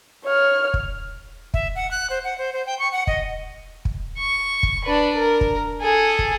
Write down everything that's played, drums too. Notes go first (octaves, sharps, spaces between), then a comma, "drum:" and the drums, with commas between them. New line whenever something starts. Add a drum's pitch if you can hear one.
C#5 F6
drum: kick
E5, drum: kick
F#5
F#6
C5
F#5
C5
C5
G5
C#6
F#5
D#5, drum: kick
drum: kick
C#6
drum: kick
D4 B4
A#4
drum: kick
G#4 A4
drum: kick